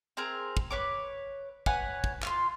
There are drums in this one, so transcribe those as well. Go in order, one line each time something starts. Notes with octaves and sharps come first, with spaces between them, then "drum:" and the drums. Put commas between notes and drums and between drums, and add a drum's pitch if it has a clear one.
C4 G#4 A#4 A#5
drum: kick
B4 C#5 D6
B4 C#5 F#5 G#5, drum: kick
drum: kick
F4 C6, drum: clap